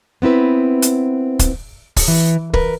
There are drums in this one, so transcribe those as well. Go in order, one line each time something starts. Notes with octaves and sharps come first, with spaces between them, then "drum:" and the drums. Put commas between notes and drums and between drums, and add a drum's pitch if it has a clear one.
B3 C4 E4 B4
drum: hi-hat
drum: kick, hi-hat
drum: kick, open hi-hat
E3
A#4 B4, drum: kick